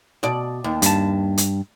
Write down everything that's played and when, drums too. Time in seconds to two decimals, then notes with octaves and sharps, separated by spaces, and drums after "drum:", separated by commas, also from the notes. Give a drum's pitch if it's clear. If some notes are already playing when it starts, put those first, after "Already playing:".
0.23 B2 D5
0.64 D#2
0.82 G2 A5, drum: hi-hat
1.38 drum: hi-hat